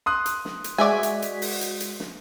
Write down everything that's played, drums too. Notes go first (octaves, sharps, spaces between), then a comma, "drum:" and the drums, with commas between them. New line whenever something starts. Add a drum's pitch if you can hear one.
C6 D#6 F#6
drum: hi-hat
drum: snare
drum: hi-hat
G#3 F#4 D5 E5 G#5 B6
drum: hi-hat
drum: hi-hat
drum: open hi-hat
drum: hi-hat
drum: hi-hat
drum: snare